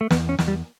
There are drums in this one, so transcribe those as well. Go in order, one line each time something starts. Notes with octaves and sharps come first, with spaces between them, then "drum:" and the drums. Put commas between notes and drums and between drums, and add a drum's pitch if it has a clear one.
A3
E2 B3, drum: snare
C#4
E2, drum: snare
G3